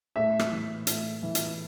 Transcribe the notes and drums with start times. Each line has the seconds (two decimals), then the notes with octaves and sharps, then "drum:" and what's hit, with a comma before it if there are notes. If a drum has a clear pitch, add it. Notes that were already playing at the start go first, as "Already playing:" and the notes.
0.16 A2 E5
0.39 drum: rim click
0.52 E3
0.87 A2, drum: hi-hat
1.23 E3
1.35 drum: hi-hat